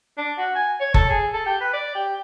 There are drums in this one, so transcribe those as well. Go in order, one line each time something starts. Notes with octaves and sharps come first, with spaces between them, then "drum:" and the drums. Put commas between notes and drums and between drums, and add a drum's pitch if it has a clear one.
D4
F#4
G#5
C#5
A4, drum: kick F#1
G#4
A4
G4
B4
D5
G4